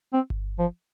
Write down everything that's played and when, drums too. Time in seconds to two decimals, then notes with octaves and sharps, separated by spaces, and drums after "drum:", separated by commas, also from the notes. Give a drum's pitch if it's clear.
0.13 C4
0.30 drum: kick G1
0.59 F3